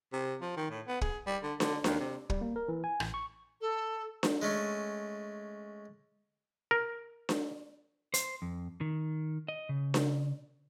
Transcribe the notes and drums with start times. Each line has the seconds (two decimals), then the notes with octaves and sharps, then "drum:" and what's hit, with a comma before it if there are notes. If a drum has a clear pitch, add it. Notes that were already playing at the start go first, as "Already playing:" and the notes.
0.13 C3
0.41 F3
0.57 D#3
0.70 A2
0.87 B3
1.01 G#4, drum: kick
1.27 G3
1.43 D3
1.60 D3, drum: snare D4
1.84 D#2, drum: snare D4
2.00 C3
2.30 G3, drum: kick
2.41 A#3
2.56 A#4
2.68 E3
2.84 G#5
3.00 A1, drum: rim click
3.14 C#6
3.61 A4
4.23 drum: snare D4
4.42 G#3 A3 C#4
6.71 A#4
7.29 drum: snare D4
8.14 C5, drum: hi-hat
8.42 F2
8.81 D#3
9.48 D#5
9.69 C#3
9.94 drum: snare D4